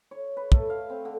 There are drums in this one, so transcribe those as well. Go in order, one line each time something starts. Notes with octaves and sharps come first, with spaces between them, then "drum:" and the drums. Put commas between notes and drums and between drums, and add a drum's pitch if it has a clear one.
C#5
B4
A3, drum: kick
F5
C4
D3